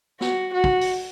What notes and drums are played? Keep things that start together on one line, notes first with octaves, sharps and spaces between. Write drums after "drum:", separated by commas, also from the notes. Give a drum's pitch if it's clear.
F#4, drum: snare
F#4
drum: kick
drum: open hi-hat